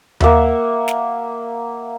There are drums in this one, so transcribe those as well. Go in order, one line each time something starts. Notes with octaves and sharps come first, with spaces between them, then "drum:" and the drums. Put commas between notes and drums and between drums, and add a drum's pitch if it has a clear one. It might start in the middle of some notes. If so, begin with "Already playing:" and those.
A#3 E5 F#5, drum: tom D#2
drum: snare